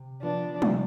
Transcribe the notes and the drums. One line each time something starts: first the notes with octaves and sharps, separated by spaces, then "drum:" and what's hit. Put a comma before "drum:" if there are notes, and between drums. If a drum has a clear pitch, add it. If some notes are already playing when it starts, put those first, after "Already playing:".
Already playing: C3
F3 B3 D4 F4
C3, drum: tom